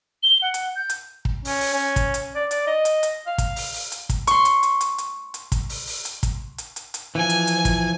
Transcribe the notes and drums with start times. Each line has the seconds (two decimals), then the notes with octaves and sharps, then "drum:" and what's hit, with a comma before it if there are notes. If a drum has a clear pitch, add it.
0.23 G7
0.42 F#5
0.54 drum: hi-hat
0.75 G6
0.90 drum: hi-hat
1.25 drum: kick
1.45 C#4, drum: open hi-hat
1.61 drum: open hi-hat
1.74 C#4
1.96 drum: kick, hi-hat
2.14 drum: hi-hat
2.35 D5
2.51 D5, drum: hi-hat
2.67 D#5
2.85 drum: hi-hat
3.03 drum: hi-hat
3.27 F5
3.38 drum: kick, hi-hat
3.56 drum: open hi-hat
3.74 drum: open hi-hat
3.92 drum: hi-hat
4.09 drum: kick, hi-hat
4.27 C6 C#6, drum: hi-hat
4.45 drum: hi-hat
4.63 drum: hi-hat
4.81 drum: hi-hat
4.98 drum: hi-hat
5.34 drum: hi-hat
5.52 drum: kick, hi-hat
5.69 drum: open hi-hat
5.87 drum: open hi-hat
6.05 drum: hi-hat
6.23 drum: kick, hi-hat
6.58 drum: hi-hat
6.76 drum: hi-hat
6.94 drum: hi-hat
7.15 E3 F3 G#5
7.29 drum: hi-hat
7.47 drum: hi-hat
7.65 drum: kick, hi-hat